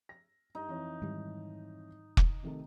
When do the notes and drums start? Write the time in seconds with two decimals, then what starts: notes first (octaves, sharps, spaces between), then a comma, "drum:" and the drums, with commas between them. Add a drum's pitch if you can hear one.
0.09 A#6
0.55 G2 D#4
0.68 F2 E3 C#5
1.02 G#2 D#3 G3
2.17 drum: kick
2.43 C3 D#3 A3